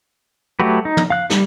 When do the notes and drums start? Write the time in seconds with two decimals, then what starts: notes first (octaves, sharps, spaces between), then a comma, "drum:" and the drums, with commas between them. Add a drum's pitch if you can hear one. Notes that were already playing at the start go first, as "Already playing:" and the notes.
0.60 F#3 A3 F#4 G4 B4
0.85 D#4
0.97 drum: tom
1.10 F5 F#6
1.30 G3, drum: snare